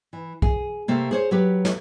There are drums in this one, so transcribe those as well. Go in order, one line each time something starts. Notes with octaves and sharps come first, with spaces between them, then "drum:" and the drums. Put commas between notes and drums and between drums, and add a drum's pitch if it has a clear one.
E3
G#4, drum: kick
C3 A3 A#3
G#4 C5 C#5
F#3 G4 B4
drum: snare